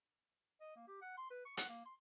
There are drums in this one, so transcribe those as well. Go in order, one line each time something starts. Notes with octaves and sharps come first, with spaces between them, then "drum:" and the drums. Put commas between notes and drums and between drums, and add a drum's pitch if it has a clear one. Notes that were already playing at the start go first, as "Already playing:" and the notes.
D#5
A#3
G4
F#5
C6
B4
C#6
F#5, drum: hi-hat
A#3
C6